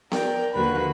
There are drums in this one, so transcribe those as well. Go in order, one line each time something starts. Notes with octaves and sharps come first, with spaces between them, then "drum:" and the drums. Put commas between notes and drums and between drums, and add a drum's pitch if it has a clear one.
A#4 D5 G5, drum: snare B3
D#2 D3 F3 F#4 B4 B5